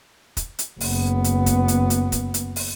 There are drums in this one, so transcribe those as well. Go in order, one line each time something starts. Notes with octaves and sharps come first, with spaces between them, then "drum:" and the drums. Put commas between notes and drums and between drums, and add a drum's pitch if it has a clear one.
drum: kick, hi-hat
drum: hi-hat
F#1 B3, drum: open hi-hat
drum: hi-hat
drum: kick, hi-hat
drum: hi-hat
drum: hi-hat
drum: kick, hi-hat
drum: hi-hat
drum: open hi-hat